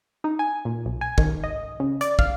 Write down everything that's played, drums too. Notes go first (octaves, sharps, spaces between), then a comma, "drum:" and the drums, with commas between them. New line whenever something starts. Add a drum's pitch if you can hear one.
D#4
G#5
A#2
B1
G#5
D#3, drum: kick
D#5
C#3
D5, drum: hi-hat
F5, drum: kick